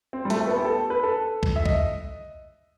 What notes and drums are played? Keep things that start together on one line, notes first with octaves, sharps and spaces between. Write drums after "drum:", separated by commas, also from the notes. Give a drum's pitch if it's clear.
C4
G3
A3, drum: hi-hat
A3
B3
G4
A4
B4
A4
drum: kick
E5
D#5, drum: kick